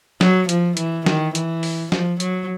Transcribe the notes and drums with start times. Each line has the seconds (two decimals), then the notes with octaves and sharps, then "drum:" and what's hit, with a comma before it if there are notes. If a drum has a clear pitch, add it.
0.21 F#3, drum: snare
0.49 F3, drum: hi-hat
0.77 E3, drum: hi-hat
1.06 D#3, drum: snare
1.35 E3, drum: hi-hat
1.63 drum: open hi-hat
1.92 F3, drum: snare
2.20 F#3, drum: hi-hat